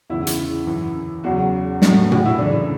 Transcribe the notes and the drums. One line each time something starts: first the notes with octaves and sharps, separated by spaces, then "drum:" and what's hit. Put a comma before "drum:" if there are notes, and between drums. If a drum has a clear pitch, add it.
E2 C#3 E3 E4
drum: hi-hat
F#2 E3
E2 C#3 F#3 F#4
A2 F#3, drum: snare
F#4, drum: tom A#2
E4
F#2 C#3 E3 D4